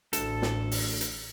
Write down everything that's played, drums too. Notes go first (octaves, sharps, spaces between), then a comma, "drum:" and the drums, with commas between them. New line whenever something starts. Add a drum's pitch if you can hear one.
A1 D2 A4, drum: hi-hat
drum: snare
drum: open hi-hat
drum: hi-hat